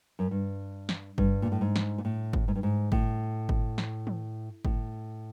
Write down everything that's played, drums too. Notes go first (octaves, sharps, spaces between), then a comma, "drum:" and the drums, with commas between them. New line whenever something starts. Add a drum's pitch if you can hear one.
F#2
G2
drum: snare
G2, drum: kick G1
A#2
A2
G#2
drum: snare
A#2
A2
drum: kick G1
G#2
G2
G#2
A2, drum: kick G1
drum: kick G1
drum: snare
drum: tom
A2, drum: kick G1